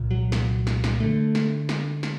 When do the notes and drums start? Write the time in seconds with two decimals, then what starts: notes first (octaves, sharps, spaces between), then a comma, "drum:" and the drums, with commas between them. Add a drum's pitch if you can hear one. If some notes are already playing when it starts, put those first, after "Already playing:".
Already playing: C2 A#2
0.11 F#3
0.32 F#3, drum: snare
0.67 drum: snare
0.84 drum: snare
1.00 D3 A3
1.35 drum: snare
1.69 drum: snare
2.03 drum: snare